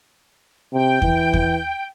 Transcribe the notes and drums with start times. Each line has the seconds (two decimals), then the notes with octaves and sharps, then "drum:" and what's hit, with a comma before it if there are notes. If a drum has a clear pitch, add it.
0.72 C3 G5
1.02 E3, drum: kick E2
1.34 drum: kick E2